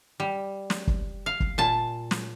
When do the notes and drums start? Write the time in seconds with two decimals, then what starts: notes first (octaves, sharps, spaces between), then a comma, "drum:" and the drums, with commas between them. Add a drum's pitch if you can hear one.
0.20 G3
0.70 drum: snare
0.87 drum: kick
1.26 F5
1.40 drum: kick
1.58 A#2 A5
2.11 drum: snare